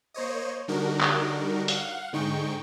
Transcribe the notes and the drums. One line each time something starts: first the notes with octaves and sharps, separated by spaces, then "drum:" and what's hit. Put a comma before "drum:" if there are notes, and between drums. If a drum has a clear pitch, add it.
A#3 C5 C#5 D#5
D3 G3 D4 D#4 F#4 A#4
drum: clap
F5 F#5, drum: hi-hat
G#2 D3 G#3 D#4 G5 C#6